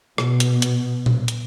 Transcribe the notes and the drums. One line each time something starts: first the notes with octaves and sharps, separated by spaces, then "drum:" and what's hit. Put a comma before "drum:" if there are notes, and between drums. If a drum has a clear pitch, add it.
B2, drum: rim click
drum: hi-hat
drum: hi-hat
drum: tom A#2
drum: hi-hat